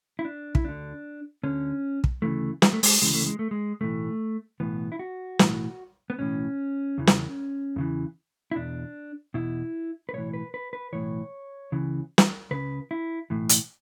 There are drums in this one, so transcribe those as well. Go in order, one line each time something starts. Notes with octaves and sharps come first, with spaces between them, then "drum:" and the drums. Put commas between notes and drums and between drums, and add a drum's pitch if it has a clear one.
E4
D4
E4, drum: kick
D2 D3 D4
D2 D3 C#4
drum: kick
D2 C#3 E3 A3
G#3, drum: snare
A3
G#3, drum: open hi-hat
D2 C#3 E3 G#3
A3
G#3
A3
G#3
B1 A2 E3 A3
B1 A2 E3 B3
E4
F#4
B1 A2 E3, drum: snare
B3
B1 A2 E3 C#4
E2 C#3 E3
drum: snare
E2 C#3 E3
E4
E2 B2 D4
E2 B2 E4
B4
B1 A2 E3 C#5
B4
B4
B4
B1 A2 E3 C#5
C#2 C#3 E3
drum: snare
C#2 C#3 B4
E4
B1 A2 E3
drum: hi-hat